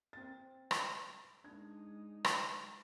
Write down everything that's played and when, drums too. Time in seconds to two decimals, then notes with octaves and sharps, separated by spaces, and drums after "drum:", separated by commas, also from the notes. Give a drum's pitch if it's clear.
0.13 C4 A6
0.71 drum: rim click
1.44 G#3 D4 D#4 G#6
2.25 drum: rim click